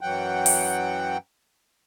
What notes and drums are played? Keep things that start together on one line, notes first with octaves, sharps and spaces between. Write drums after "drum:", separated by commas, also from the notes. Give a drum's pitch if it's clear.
F#2 E3 F#3 F#5 G5
drum: open hi-hat